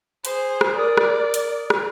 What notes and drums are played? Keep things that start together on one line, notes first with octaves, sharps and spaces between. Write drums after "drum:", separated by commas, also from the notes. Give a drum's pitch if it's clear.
G#4 C5, drum: hi-hat
drum: rim click
A#4 D5 D#6
drum: rim click
drum: hi-hat
drum: rim click